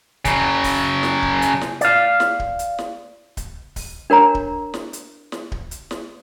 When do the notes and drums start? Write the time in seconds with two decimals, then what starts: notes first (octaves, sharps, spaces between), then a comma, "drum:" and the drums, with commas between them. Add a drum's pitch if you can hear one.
0.25 C#3 F#3, drum: kick D1, hi-hat
0.64 drum: kick D1, open hi-hat
1.03 drum: snare
1.22 drum: kick D1
1.42 drum: hi-hat
1.61 drum: snare
1.81 D5 F5, drum: hi-hat
2.20 drum: snare
2.39 drum: kick D1
2.59 drum: hi-hat
2.79 drum: snare
3.37 drum: kick D1, hi-hat
3.76 drum: kick D1, open hi-hat
4.10 D4 A#4 C#5 A#5
4.35 drum: kick D1
4.74 drum: snare
4.93 drum: hi-hat
5.32 drum: snare
5.52 drum: kick D1
5.71 drum: hi-hat
5.91 drum: snare